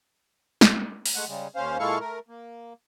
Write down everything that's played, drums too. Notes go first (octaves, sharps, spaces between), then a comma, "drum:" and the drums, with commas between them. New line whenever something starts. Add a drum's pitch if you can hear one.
drum: snare
drum: open hi-hat
G#3 A3 F#5
C#3 G3 G#3
D#2 C#4 C5 F5
A#2 G#3 E4 A4 F5 C#6
A3 A#4
A#3